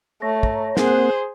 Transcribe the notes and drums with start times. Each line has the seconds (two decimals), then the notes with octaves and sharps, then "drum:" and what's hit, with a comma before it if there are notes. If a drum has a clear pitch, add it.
0.22 A3 C#5 A#5
0.43 drum: kick
0.77 A#3 C4 G#4 C5 F#5, drum: snare